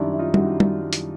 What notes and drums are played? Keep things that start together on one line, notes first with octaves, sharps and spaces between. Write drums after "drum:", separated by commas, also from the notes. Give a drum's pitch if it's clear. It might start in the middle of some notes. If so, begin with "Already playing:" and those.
Already playing: F#2 D#3 G3 D4 E4
E4
D#4 F4
F#2 D#3 G3 E4 F#4, drum: tom G3
drum: tom G3
drum: hi-hat